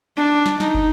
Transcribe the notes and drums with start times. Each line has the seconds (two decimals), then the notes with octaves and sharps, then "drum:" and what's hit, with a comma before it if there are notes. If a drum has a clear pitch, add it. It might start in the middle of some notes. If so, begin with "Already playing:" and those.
0.17 D4
0.46 drum: snare
0.60 D#4, drum: snare
0.75 drum: kick